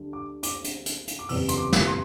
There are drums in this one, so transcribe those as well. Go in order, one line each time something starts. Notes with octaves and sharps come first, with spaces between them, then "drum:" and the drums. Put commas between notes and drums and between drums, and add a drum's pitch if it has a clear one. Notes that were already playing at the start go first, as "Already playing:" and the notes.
Already playing: D2 D3 G3
D6
D6, drum: hi-hat
drum: hi-hat
drum: hi-hat
drum: hi-hat
D6
F#1 E2 C3 G3 E6, drum: open hi-hat
C6, drum: hi-hat
D6
drum: snare
C6